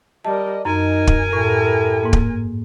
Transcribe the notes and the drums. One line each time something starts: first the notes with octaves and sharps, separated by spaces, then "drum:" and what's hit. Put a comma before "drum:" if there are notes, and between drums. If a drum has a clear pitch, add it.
G3 A#4 D5 D#5 A5
F#2 D#4 A#4 G#5
drum: kick
A2 E4 G4 A4
G#2 A#3
drum: kick